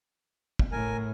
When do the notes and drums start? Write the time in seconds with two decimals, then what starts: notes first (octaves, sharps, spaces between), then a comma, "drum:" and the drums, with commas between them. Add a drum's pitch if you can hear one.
0.59 drum: kick
0.72 A2 A#4 G#5